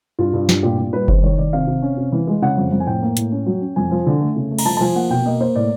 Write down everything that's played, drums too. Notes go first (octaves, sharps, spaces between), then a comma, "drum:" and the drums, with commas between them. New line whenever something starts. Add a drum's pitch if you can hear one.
G2 F4
G2
G2, drum: snare
A#2 G4
A#2
G3 B4
D#3 C5, drum: kick F#1
D#3 C#5
D#3 D5
C3 F5
C3
C#4
C3
E3
G#3
C#3 F#5
F2
F2
G#5
A2 G5
A#3
A2, drum: hi-hat
C#4
F#3
C#4
F2 G#5
F3
D3
A3
C#3
A3
A#5, drum: cymbal
F3 A5
A5
F3 G#5
A#3 F#5
B2 G5
A#3 D#5
A#3 C5
A2 D5